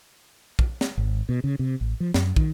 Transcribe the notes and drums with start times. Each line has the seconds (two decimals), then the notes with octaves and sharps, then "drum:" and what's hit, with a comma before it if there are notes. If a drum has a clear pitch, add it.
0.59 drum: kick
0.81 drum: snare
0.98 G#1
1.29 B2
1.44 C#3
1.59 C3
1.81 A1
2.00 F3
2.14 F#2, drum: snare
2.36 D#3, drum: kick